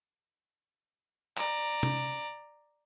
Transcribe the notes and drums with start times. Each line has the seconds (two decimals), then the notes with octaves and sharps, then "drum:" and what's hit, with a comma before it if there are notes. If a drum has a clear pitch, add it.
1.37 D5 A#5, drum: clap
1.83 drum: tom C3